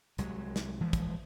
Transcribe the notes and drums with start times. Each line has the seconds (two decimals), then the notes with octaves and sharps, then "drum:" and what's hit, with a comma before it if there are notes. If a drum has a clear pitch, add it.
0.18 C2 F#3 G#3, drum: hi-hat
0.56 drum: snare
0.80 E3 F3 G#3
0.93 drum: kick, hi-hat